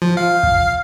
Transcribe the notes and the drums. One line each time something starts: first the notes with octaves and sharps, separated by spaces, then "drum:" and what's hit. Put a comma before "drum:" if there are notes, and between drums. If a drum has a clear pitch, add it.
F3
F5
drum: kick